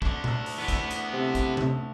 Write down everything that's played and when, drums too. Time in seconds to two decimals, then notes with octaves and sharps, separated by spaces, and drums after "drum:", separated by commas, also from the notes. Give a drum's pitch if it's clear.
0.02 A3 D4, drum: kick
0.24 drum: tom A#2
0.46 drum: open hi-hat
0.58 E3 B3
0.68 drum: kick, hi-hat
0.91 drum: hi-hat
1.13 C3
1.35 drum: kick, hi-hat
1.57 drum: tom C3